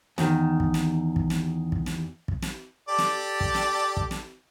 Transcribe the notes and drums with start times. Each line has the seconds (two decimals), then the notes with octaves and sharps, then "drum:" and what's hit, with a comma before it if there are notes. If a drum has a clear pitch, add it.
0.18 E2 D#3, drum: snare
0.60 drum: kick
0.74 drum: snare
1.16 drum: kick
1.30 drum: snare
1.72 drum: kick
1.86 drum: snare
2.28 drum: kick
2.42 drum: snare
2.88 G4 A4 D5
2.98 drum: snare
3.41 drum: kick
3.55 drum: snare
3.97 drum: kick
4.11 drum: snare